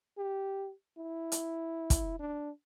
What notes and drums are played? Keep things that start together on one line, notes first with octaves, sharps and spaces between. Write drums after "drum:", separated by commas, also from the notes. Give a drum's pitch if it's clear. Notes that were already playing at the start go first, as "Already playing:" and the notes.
G4
E4
drum: hi-hat
drum: kick, hi-hat
D4